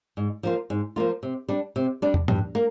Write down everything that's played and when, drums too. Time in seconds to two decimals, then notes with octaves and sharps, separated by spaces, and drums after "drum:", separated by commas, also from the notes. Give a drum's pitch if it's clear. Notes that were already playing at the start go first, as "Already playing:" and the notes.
0.17 G#2
0.43 F3 A#3 F4
0.70 G#2
0.96 F3 A#3 F4
1.23 C3
1.48 G3 D4
1.76 C3
2.02 G3 D4
2.14 drum: tom
2.28 G2, drum: tom A2
2.55 A#3